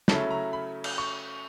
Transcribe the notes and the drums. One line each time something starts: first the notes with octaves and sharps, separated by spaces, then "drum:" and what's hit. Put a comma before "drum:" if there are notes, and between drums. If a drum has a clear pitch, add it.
C#3 F#3 A3 C#4 E4 A5, drum: snare
A#5
B5
drum: cymbal
C#6